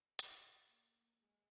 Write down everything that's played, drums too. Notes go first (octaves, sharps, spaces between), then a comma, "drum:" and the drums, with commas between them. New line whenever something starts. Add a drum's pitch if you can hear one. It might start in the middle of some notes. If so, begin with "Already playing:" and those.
G#3, drum: hi-hat
A#3
G#3